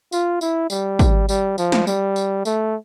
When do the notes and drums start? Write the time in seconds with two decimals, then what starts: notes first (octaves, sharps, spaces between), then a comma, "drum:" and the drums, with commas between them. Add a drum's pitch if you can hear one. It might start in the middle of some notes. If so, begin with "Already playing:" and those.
0.12 F4, drum: tambourine
0.41 E4, drum: tambourine
0.70 G3, drum: tambourine
0.99 drum: kick, tambourine
1.29 G3, drum: tambourine
1.58 F3, drum: tambourine
1.72 drum: snare
1.87 G3, drum: tambourine
2.16 drum: tambourine
2.45 A3, drum: tambourine